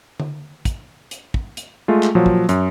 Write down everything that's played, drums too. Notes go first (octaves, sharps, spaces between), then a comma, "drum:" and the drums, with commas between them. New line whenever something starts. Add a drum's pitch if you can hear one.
drum: tom D3
drum: kick, hi-hat
drum: hi-hat
drum: kick
drum: hi-hat
G#3 A3 F4
drum: clap
A#2 F3 F#3
drum: kick
F#2, drum: hi-hat